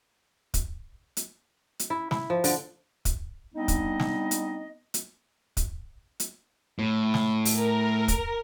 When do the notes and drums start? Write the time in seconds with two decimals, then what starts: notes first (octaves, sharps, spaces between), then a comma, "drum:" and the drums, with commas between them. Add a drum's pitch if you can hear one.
0.54 drum: kick, hi-hat
1.17 drum: hi-hat
1.79 drum: hi-hat
1.90 E4
2.11 E4, drum: snare
2.30 F3
2.44 D3, drum: open hi-hat
3.05 drum: kick, hi-hat
3.55 G3 B3 C4 D4 D#4 D#5
3.68 drum: kick, hi-hat
4.00 drum: snare
4.31 drum: hi-hat
4.94 drum: hi-hat
5.57 drum: kick, hi-hat
6.20 drum: hi-hat
6.79 A2
7.14 drum: snare
7.45 drum: open hi-hat
7.57 A#4
8.08 drum: kick, hi-hat